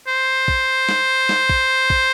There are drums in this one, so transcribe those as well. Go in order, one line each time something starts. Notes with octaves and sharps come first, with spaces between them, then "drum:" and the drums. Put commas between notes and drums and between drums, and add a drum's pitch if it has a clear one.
C5
drum: kick
drum: snare
drum: snare
drum: kick
drum: kick